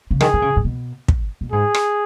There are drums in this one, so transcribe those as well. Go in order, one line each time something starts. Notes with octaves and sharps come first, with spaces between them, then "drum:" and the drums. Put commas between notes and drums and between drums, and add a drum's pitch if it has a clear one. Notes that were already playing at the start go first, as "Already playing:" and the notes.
C#3
D#3 G#4, drum: rim click
D#3
C#3
G#2
B2
drum: kick
B2
G#2 G#4
drum: rim click